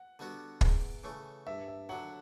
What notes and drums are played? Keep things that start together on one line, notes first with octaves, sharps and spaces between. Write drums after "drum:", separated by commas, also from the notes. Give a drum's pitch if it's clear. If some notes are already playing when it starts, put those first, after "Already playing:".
Already playing: F#5
D3 G3 B3 F#4
E2, drum: kick
C#3 E3 A3
G2 E5
E5
D3 F#3 F#5